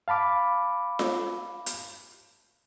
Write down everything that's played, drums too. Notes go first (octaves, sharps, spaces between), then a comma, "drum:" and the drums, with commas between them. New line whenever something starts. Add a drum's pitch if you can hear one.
F5 A5 B5 D6
drum: snare F4
drum: hi-hat